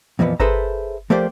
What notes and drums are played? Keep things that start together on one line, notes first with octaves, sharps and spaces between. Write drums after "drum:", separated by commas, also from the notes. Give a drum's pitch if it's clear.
F2 A#2 E3 F3 B3
G#4 A4 B4 C5 E5 A#5, drum: kick G1
F3 A3 A#3 G4 C5 D5